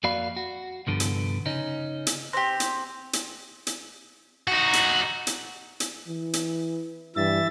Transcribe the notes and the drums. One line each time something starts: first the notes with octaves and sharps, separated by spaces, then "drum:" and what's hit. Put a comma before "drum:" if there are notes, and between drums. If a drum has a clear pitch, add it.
F2 A#3 F#4 D5 F5 B5
F#4
C2 G2 D3 F3 B3
drum: hi-hat
C#3 C#4 D#4
drum: hi-hat
C4 G4
drum: hi-hat
drum: hi-hat
drum: hi-hat
D#4 F#4
drum: hi-hat
drum: hi-hat
drum: hi-hat
E3
drum: hi-hat
G2 E3 E5 A6